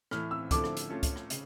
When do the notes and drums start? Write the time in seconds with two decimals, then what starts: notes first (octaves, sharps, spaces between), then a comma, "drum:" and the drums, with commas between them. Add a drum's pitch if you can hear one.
0.11 A2 E3 A3 F6, drum: rim click
0.31 E6
0.51 D3 F3 A3 E4 A4 D6, drum: kick C#2, hi-hat
0.64 drum: rim click
0.77 drum: hi-hat
0.90 A3 C#4 F4 A4
1.03 drum: kick C#2, hi-hat
1.16 drum: rim click
1.30 C#3, drum: hi-hat